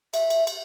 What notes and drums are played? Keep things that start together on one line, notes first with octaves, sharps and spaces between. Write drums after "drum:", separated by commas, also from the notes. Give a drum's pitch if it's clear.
E5, drum: cymbal
drum: cymbal
drum: cymbal